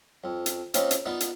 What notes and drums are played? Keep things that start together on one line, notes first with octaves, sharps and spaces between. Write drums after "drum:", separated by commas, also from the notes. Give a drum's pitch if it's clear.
F2
drum: hi-hat
A#3 C4 C#4 D#4 F4 C5, drum: hi-hat
drum: hi-hat
B3 D#4 F4 B4 D5
drum: hi-hat